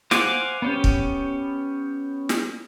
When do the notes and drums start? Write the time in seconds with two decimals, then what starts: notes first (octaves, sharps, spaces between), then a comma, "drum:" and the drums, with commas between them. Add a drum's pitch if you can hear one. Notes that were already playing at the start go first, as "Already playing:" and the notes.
0.11 C5 F5 F#5 G#5 D6, drum: snare
0.62 B3 C#4 G4
0.84 drum: kick
2.29 drum: snare